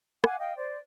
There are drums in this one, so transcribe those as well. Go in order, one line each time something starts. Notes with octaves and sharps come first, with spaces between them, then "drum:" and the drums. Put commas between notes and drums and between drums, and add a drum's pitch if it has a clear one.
F5 F#5 G#5 D6, drum: rim click
D#5 F5 G5
C5 D5